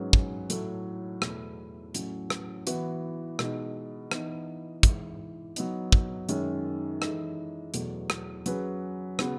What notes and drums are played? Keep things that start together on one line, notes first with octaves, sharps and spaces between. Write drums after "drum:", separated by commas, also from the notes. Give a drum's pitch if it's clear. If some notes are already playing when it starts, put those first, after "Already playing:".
Already playing: G#2 F#3 C#4 G#4 B4
drum: kick
A2 F#3 A3, drum: hi-hat
E2 B2 A3 E4, drum: rim click
A2 F#3 C#4, drum: hi-hat
drum: rim click
E3 B3 F#4 B4, drum: hi-hat
B2 G#3 D#4, drum: rim click
E3 B3 D#4, drum: rim click
G#2 E3 G#3, drum: kick, hi-hat
F#3 B3 D#4, drum: hi-hat
drum: kick
F#2 D#3 G#3 C#4, drum: hi-hat
E3 G#3 D#4 A4, drum: rim click
E2 B2 F#3 A3, drum: hi-hat
drum: rim click
F#3 C#4 G#4 B4, drum: hi-hat
C#3 G#3 B3 F#4, drum: rim click